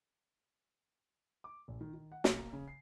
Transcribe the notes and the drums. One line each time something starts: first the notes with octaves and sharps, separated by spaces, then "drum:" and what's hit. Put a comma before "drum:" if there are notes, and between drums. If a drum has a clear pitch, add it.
D6
A#1
D#3
D#3
F#5
B1, drum: snare
A#3
C#3
C7